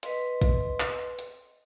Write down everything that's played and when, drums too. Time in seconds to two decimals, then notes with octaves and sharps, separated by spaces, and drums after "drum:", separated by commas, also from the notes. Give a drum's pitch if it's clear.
0.03 B4 D#5 C6, drum: hi-hat
0.42 drum: kick, hi-hat
0.80 drum: clap
1.19 drum: hi-hat